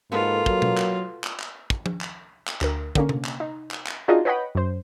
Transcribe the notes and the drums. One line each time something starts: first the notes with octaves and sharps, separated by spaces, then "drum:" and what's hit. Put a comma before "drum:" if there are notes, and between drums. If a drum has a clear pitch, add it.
G#2 A#3 F4 F#4 A4 B4
F#3, drum: kick
drum: tom B2
drum: clap
drum: clap
drum: clap
drum: kick
drum: tom F3
drum: clap
drum: clap
D2 A#4, drum: clap
D3 A#3 C#4, drum: kick
drum: tom C3
drum: clap
D#4
drum: clap
drum: clap
D4 D#4 F4 F#4 G#4 D#5
B4 C#5 D#5 F#5 G5 B5
F#2 C5